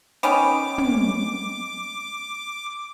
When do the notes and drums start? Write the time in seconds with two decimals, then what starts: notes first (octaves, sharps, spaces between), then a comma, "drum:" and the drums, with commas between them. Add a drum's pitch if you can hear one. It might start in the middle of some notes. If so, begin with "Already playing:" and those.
0.23 D#3 B3 C#4 D6, drum: hi-hat
0.78 drum: tom